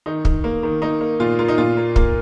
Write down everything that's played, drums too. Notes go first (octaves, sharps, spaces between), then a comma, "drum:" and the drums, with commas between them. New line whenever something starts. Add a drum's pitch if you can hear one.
D#3 D#4
D#3, drum: kick
A#3
D#3
A#3 D#4
A#3
A#2 F4
A#3 F4
D#4
A#2 F4
A#3
A#3, drum: kick